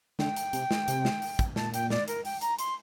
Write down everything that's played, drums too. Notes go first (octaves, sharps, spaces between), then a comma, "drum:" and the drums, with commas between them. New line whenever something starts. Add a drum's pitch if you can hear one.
D3 G5, drum: snare
drum: hi-hat
C3, drum: hi-hat
drum: snare
C3, drum: hi-hat
drum: snare
drum: open hi-hat
drum: kick, hi-hat
A#2 A5, drum: snare
G5, drum: hi-hat
D5, drum: snare
A#4, drum: hi-hat
G5, drum: open hi-hat
A#5, drum: hi-hat
C6, drum: hi-hat